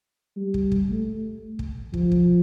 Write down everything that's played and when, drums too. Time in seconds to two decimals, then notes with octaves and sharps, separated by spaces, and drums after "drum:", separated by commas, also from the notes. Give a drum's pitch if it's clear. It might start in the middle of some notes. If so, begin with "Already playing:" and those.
0.37 G3
0.54 drum: kick
0.72 drum: kick
0.90 A3
1.59 drum: kick
1.94 F3, drum: kick
2.12 drum: kick